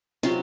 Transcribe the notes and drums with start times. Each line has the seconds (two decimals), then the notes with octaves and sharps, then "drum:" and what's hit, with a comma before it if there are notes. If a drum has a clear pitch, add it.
0.23 C3 F#3 F4, drum: snare